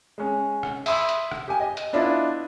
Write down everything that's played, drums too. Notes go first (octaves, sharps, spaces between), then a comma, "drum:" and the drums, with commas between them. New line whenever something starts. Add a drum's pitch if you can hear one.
G#3 C#4
drum: rim click
E5 B5 C6 D#6 E6, drum: open hi-hat
drum: hi-hat
drum: rim click
G4 G#5
D#5
drum: hi-hat
B3 D4 E4 F4 D#5